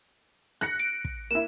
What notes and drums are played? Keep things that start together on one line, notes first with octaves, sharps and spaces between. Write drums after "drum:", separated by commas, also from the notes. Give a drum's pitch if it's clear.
F#6 A#6 C#7, drum: rim click
D7
drum: kick
A#3 E4 E7